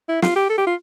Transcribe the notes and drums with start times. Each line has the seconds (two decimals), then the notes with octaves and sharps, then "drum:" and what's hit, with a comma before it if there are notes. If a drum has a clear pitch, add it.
0.09 E4
0.22 F4, drum: snare
0.36 G4
0.49 A4
0.58 G4
0.67 F4